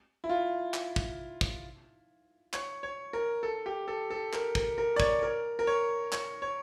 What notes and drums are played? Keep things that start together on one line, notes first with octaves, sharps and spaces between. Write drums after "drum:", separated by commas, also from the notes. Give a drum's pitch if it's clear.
E4
F4
drum: clap
drum: kick
drum: kick
C#5, drum: clap
C#5
A#4
A4
G4
A4
A4
A#4, drum: clap
A#4, drum: kick
A#4
D5
C#5, drum: kick
A#4
A#4
C#5
C#5, drum: clap
C#5